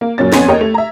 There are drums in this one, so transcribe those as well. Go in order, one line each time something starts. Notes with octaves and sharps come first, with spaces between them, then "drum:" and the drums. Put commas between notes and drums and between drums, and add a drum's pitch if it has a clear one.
A#3
F#2 A#2 C#4 A6
F2 B3 C#4 G#5 C6 G#6, drum: snare
D#2 A#4 C#5 D#5 G5
A3 F7
E5 A#5